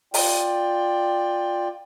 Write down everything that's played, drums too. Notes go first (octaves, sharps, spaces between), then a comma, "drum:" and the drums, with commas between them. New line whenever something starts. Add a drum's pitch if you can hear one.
F4 D5 G5, drum: open hi-hat